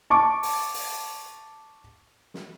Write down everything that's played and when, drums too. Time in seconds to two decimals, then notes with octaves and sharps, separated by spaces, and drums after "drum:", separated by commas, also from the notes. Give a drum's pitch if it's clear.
0.10 A5 C#6 D6
0.43 drum: open hi-hat
0.74 drum: open hi-hat
2.34 drum: snare